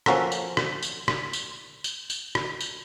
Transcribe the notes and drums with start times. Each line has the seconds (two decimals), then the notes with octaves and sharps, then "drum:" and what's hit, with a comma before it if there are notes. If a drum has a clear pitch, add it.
0.06 F3 A#3 C#4 F#4 A4 A#5, drum: rim click
0.32 drum: tambourine
0.57 drum: rim click
0.83 drum: tambourine
1.08 drum: rim click
1.33 drum: tambourine
1.84 drum: tambourine
2.10 drum: tambourine
2.35 drum: rim click
2.61 drum: tambourine